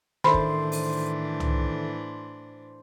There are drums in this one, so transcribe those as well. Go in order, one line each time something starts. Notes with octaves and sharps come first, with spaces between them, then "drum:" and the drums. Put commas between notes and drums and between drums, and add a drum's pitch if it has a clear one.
A2 D#3 E3 D4 A4 C5 E5 B5
drum: kick
drum: open hi-hat
drum: tom